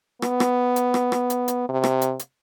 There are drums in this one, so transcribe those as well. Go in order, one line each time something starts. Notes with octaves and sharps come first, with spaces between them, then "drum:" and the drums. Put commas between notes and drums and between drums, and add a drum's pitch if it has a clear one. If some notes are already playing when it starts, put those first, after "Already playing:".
B3, drum: rim click
drum: rim click
drum: hi-hat
drum: rim click
drum: rim click
drum: hi-hat
drum: hi-hat
C3
drum: rim click
drum: hi-hat
drum: hi-hat